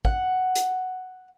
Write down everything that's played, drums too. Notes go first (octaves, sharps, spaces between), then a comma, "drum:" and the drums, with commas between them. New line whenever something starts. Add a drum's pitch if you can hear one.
F#5, drum: kick
drum: hi-hat